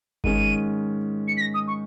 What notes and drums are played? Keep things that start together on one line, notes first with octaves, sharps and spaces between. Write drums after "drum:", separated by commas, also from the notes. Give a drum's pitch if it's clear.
G#2 D#3 G#3 C#4 D#7, drum: kick G1
C#7
B6
A#6
D#6
C#6